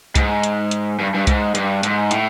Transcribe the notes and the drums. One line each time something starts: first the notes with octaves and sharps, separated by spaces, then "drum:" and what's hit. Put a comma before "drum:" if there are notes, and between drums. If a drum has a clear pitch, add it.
G#2, drum: kick C2, hi-hat
drum: hi-hat
drum: hi-hat
G2
G2
G#2, drum: kick C2, hi-hat
G2, drum: hi-hat
G#2, drum: hi-hat
A2, drum: hi-hat